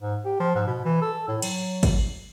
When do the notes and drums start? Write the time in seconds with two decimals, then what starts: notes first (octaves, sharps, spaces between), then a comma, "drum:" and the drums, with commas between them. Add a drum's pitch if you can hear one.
0.01 G#2
0.25 G4
0.40 F3
0.55 G#2
0.67 B2
0.85 E3
1.02 A4
1.28 A2
1.42 F#3, drum: cymbal
1.83 drum: kick G#1, cymbal